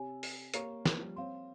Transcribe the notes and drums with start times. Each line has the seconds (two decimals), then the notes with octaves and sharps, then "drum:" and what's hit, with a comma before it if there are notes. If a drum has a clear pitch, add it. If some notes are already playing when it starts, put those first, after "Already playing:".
Already playing: C3 G4 C#5 G#5
0.23 drum: open hi-hat
0.54 A#3 G4 C#5 F5 A#5 C#6, drum: hi-hat
0.86 F3, drum: snare
1.01 G3
1.16 C4 C#5 F5 C6